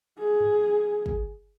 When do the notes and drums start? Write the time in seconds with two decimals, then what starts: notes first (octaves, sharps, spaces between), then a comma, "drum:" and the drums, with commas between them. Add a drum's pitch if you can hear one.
0.19 G#4
0.40 drum: tom G2
1.06 drum: kick